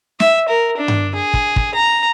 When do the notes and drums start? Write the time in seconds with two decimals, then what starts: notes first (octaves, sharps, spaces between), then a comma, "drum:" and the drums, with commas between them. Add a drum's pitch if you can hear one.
0.20 E5, drum: snare
0.48 A#4
0.78 D4
0.88 drum: tom G2
1.15 G#4
1.34 drum: kick
1.56 drum: kick
1.75 A#5